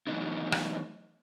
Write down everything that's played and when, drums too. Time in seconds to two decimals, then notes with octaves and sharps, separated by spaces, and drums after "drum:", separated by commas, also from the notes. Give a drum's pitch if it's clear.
0.07 E3 F#3 A3 B3 D#4 E4
0.52 drum: rim click